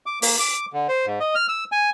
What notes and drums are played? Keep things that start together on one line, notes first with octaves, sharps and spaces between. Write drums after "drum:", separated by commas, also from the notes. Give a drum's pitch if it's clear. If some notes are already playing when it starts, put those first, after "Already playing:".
D6
A#3, drum: open hi-hat
D6
D3
C5
G#2
D#5
F6
E6
G#5